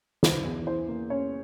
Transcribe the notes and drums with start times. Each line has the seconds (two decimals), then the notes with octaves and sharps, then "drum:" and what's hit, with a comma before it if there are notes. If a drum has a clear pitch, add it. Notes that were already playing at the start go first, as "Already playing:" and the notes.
0.23 E3 C5, drum: snare
0.44 E2
0.67 E3 C5
0.88 A#3
1.10 C#4 C#5